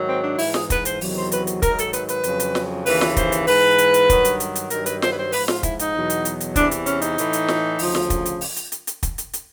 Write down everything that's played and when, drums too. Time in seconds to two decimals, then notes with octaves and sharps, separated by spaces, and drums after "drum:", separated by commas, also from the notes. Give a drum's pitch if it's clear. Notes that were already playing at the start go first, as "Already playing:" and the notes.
Already playing: G#2 D#3 F#3
0.09 C4
0.24 D4
0.39 G#2 E3 E4, drum: open hi-hat
0.54 G#4, drum: snare
0.70 B4, drum: kick, hi-hat
0.85 C5, drum: hi-hat
1.01 E2 C3 D#3 F#3, drum: open hi-hat
1.17 C5
1.32 B4, drum: hi-hat
1.47 drum: hi-hat
1.62 G#2 D#3 F#3 A#4, drum: kick, hi-hat
1.78 A4, drum: hi-hat
1.93 B4, drum: hi-hat
2.09 B4, drum: hi-hat
2.24 F2 C#3 F#3, drum: hi-hat
2.40 drum: hi-hat
2.55 drum: snare
2.86 D#2 C#3 E3 B4, drum: open hi-hat
3.01 drum: snare
3.16 C5, drum: kick, hi-hat
3.32 drum: hi-hat
3.47 G#2 E3 B4, drum: open hi-hat
3.78 drum: hi-hat
3.94 drum: hi-hat
4.10 G2 D#3 F#3, drum: kick, hi-hat
4.25 drum: hi-hat
4.40 drum: hi-hat
4.55 drum: hi-hat
4.70 G2 D#3 F#3 A#4, drum: hi-hat
4.86 B4, drum: hi-hat
5.02 C5, drum: snare
5.11 B4
5.18 C5
5.32 G#2 F3 B4, drum: open hi-hat
5.48 F4, drum: snare
5.63 E4, drum: kick, hi-hat
5.79 D#4, drum: hi-hat
5.94 E2 B2 F#3
6.10 drum: hi-hat
6.25 drum: hi-hat
6.40 drum: hi-hat
6.56 E2 C3 E3 D4, drum: kick, hi-hat
6.71 drum: hi-hat
6.86 C#4, drum: hi-hat
7.02 D#4, drum: hi-hat
7.18 A2 E3, drum: hi-hat
7.33 drum: hi-hat
7.48 drum: snare
7.79 D2 C#3 F3, drum: open hi-hat
7.95 drum: snare
8.10 drum: kick, hi-hat
8.26 drum: hi-hat
8.41 drum: open hi-hat
8.56 drum: hi-hat
8.72 drum: hi-hat
8.87 drum: hi-hat
9.03 drum: kick, hi-hat
9.18 drum: hi-hat
9.33 drum: hi-hat